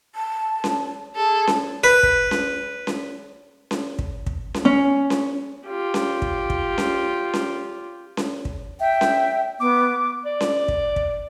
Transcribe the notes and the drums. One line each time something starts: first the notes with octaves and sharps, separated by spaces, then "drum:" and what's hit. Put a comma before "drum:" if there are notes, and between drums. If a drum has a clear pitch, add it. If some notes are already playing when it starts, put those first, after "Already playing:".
A5
drum: snare C#4
G#4 A4
drum: snare C#4
B4
drum: kick
drum: snare C#4
drum: snare C#4
drum: snare C#4
drum: kick
drum: kick
drum: snare C#4
C#4
drum: snare C#4
F4 G4
drum: snare C#4
drum: kick
drum: kick
drum: snare C#4
drum: snare C#4
drum: snare C#4
drum: kick
E5 G5
drum: snare C#4
B3 D6
D5
drum: snare C#4
drum: kick
drum: kick